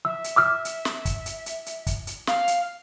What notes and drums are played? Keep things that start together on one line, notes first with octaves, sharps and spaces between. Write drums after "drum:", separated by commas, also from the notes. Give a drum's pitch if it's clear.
E5 E6
drum: hi-hat
D6 E6 F6
drum: hi-hat
drum: snare
drum: kick, hi-hat
drum: hi-hat
drum: hi-hat
drum: hi-hat
drum: kick, hi-hat
drum: hi-hat
F5, drum: snare
drum: hi-hat